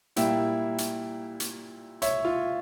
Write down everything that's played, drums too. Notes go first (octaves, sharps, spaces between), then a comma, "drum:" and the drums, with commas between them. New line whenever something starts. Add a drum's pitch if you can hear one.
A#2 G3 A#3 E4 E5 G5, drum: hi-hat
drum: hi-hat
drum: hi-hat
C#5 E5, drum: hi-hat
F4